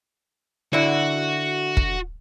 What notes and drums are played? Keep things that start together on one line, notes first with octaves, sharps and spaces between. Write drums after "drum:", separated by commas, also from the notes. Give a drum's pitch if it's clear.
D3 E4 F#4
drum: kick